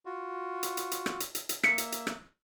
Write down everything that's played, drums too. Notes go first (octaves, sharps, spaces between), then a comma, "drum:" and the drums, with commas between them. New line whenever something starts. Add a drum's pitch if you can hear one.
F4 F#4
drum: hi-hat
drum: hi-hat
drum: hi-hat
drum: rim click
drum: hi-hat
drum: hi-hat
drum: hi-hat
A#3 E5 B6 C#7, drum: rim click
drum: hi-hat
drum: hi-hat
drum: rim click